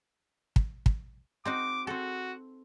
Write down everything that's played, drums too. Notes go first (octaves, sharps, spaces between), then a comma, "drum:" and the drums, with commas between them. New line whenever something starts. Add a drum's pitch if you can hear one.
drum: kick
drum: kick
C4 D#4 F#4 D6
C4 F#4 A4